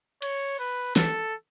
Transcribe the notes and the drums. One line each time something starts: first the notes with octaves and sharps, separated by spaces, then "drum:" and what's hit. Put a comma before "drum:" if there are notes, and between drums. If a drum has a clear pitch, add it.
C#5, drum: cymbal
B4
A4, drum: snare